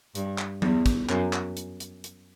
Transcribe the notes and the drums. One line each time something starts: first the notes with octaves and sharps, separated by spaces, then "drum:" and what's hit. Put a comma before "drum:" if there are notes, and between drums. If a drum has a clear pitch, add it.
G2, drum: hi-hat
drum: clap
E2, drum: tom F#3
drum: kick, hi-hat
F#2, drum: clap
drum: clap
drum: hi-hat
drum: hi-hat
drum: hi-hat